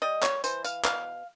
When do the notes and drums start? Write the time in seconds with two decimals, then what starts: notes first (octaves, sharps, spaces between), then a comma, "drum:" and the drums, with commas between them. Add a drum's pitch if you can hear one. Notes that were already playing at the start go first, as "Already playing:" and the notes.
0.02 G3 D#5
0.23 C#5, drum: clap
0.44 E3 C5, drum: tambourine
0.65 F5, drum: tambourine
0.85 B2 F5, drum: clap